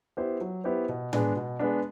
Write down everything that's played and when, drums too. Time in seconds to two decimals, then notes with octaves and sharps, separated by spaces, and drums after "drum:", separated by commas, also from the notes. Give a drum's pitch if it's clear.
0.17 B3 E4 G4 C5
0.41 F#3
0.64 B3 E4 G4 C5
0.89 B2
1.13 G#3 B3 D4, drum: tom A2
1.36 B2
1.59 G#3 B3 D4